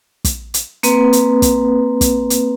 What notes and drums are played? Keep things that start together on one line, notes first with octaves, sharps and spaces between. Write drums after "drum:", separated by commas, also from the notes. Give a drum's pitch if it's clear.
drum: kick, hi-hat
drum: hi-hat
A#3 C4 B4, drum: hi-hat
drum: hi-hat
drum: kick, hi-hat
drum: kick, hi-hat
drum: hi-hat